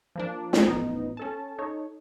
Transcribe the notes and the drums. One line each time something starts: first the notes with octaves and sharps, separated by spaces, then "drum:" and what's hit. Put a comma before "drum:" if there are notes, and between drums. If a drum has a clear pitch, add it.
F3 A#3 D4
drum: snare
A1 F3 B3 D#4
C#4 A4 A5
D#4 A4 C#5